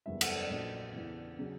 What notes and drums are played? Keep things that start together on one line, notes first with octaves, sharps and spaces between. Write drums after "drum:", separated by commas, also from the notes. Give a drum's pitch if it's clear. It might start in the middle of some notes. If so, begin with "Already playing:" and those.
F#1 E2 C#3 E3 G3 E5
F#5, drum: cymbal
D5
A#1 A#2 F#3 D5
E2 C#3 E3
C#3 F#3